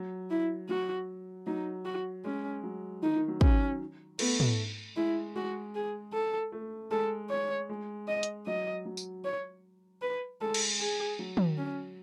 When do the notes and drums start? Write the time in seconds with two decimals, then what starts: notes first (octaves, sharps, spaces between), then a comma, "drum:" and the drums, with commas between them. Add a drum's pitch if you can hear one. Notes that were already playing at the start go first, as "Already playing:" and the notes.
Already playing: F#3
0.30 E4
0.69 F#3 F#4
1.47 F#3 D#4
1.85 F#4
2.24 G#3 C#4
2.63 F#3
3.02 D#3 D#4
3.15 D#3
3.28 F#3
3.41 C#4, drum: kick
4.19 A3 B3, drum: cymbal
4.40 drum: tom
4.96 G#3 E4
5.36 G#3 F#4
5.75 G#4
6.13 A4
6.52 A3
6.91 G#3 A4
7.30 C#5
7.69 G#3
8.08 D#5
8.23 drum: hi-hat
8.47 F#3 D#5
8.85 F#3
8.97 drum: tambourine
9.24 C#5
10.02 B4
10.41 G#3 A4
10.54 drum: cymbal
10.80 G#4
11.19 F#3
11.37 drum: tom
11.58 C#4